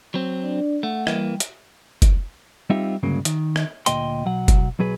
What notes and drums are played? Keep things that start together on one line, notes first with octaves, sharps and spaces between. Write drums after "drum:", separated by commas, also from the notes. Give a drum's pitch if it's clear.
F#3 C4
D4 D5
A3 F#5
E3 G3 A#3, drum: rim click
drum: hi-hat
drum: kick, hi-hat
G3 C4 D#4 F4 G4 E5
D2 G2 C#3 F#3 A#3
D#3, drum: hi-hat
drum: rim click
D2 A#2 D#5 G5 C6, drum: hi-hat
B1 F#3 F#5
drum: kick, hi-hat
B1 F#3 G#4 B4